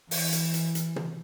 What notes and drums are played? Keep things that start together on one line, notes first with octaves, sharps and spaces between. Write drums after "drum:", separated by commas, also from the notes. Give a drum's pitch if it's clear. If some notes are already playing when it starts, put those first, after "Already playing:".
E3, drum: open hi-hat
drum: hi-hat
drum: hi-hat
drum: hi-hat
drum: tom